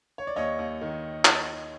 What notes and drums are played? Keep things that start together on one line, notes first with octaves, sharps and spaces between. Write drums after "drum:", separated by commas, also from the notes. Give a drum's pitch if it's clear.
C#5
D5
D#2 C#5 D#5
D#2
D#3
drum: clap